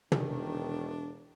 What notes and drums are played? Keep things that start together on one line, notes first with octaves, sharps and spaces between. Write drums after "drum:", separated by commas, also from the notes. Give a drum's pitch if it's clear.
E1 D#3 D4, drum: tom